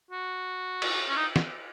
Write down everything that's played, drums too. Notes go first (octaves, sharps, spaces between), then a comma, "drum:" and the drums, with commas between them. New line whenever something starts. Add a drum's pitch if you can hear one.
F#4
drum: cymbal
C#4
D#4
drum: snare